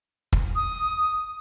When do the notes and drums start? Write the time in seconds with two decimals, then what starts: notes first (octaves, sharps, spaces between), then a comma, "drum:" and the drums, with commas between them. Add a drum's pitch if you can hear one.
0.33 drum: kick
0.56 D#6